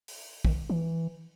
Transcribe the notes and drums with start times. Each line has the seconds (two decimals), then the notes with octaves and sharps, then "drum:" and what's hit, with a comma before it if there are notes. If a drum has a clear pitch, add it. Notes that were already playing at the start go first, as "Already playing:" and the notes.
0.08 drum: open hi-hat
0.45 D#3, drum: kick
0.70 E3